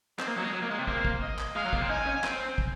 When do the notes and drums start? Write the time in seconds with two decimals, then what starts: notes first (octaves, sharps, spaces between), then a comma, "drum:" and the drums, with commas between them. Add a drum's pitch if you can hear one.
0.19 C4 D#5, drum: clap
0.27 A#3
0.37 F#3
0.44 G#3
0.53 F#3
0.62 A#3
0.71 G#3
0.79 C3
0.87 A#3 C5, drum: kick
1.05 drum: kick
1.22 D#5
1.39 drum: clap
1.56 G#3 F5
1.65 F#3
1.73 A#3, drum: kick
1.81 C4
1.89 D#4 G#5
2.06 C#4
2.24 C4, drum: clap
2.58 drum: kick